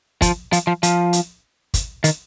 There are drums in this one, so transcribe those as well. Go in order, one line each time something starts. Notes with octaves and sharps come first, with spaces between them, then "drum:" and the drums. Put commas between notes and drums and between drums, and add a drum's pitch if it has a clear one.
F3, drum: kick, hi-hat
F3, drum: hi-hat
F3
F3, drum: hi-hat
drum: hi-hat
drum: kick, hi-hat
D#3, drum: hi-hat